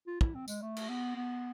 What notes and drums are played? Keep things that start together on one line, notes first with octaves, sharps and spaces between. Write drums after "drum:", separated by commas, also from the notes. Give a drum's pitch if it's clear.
F4
E4, drum: kick
C4
G#3, drum: tambourine
A3
drum: cymbal
B3
B3